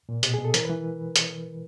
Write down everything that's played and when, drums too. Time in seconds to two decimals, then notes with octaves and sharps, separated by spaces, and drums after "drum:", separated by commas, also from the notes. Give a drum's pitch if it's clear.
0.09 A#2
0.23 B2 G4, drum: hi-hat
0.34 G#4
0.39 B2
0.45 A4
0.54 E3 A#4, drum: hi-hat
0.65 B4
0.70 E3
1.16 drum: hi-hat